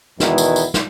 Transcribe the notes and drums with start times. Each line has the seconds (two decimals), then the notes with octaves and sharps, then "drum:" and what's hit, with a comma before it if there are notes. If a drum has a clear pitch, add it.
0.20 E2 B2 D#3 B3 E4, drum: snare
0.38 drum: tambourine
0.56 drum: tambourine
0.74 drum: snare